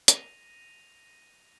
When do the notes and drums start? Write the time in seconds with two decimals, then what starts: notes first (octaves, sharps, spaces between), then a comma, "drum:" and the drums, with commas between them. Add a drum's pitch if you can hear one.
0.08 A#6 D#7 F7, drum: hi-hat